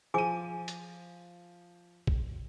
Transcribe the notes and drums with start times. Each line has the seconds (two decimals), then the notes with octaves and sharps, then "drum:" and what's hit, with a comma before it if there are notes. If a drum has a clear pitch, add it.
0.14 F3 G#4 G#5 D6 D#7
0.68 drum: hi-hat
2.07 drum: kick A#1